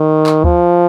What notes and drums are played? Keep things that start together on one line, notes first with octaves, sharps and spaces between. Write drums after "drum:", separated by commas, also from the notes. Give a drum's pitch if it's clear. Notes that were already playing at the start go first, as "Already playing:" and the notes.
Already playing: D#3
drum: clap
F3, drum: kick D2